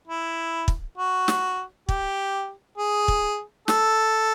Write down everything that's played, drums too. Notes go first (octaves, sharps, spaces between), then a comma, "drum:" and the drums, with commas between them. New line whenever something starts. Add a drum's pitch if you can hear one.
E4
drum: kick
F#4
drum: snare
G4, drum: kick
G#4
drum: kick
A4, drum: snare